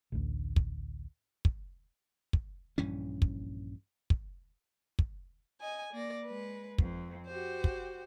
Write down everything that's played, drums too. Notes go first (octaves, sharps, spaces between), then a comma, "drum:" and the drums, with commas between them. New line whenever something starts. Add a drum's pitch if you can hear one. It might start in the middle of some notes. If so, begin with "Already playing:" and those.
A1 D2
drum: kick
drum: kick
drum: kick
A#1 G2 E3 C#4
drum: kick
drum: kick
drum: kick
D#5 G#5
A#3 D5 A#6
G#3 B4
F2, drum: kick
F#4 G4 C5
drum: kick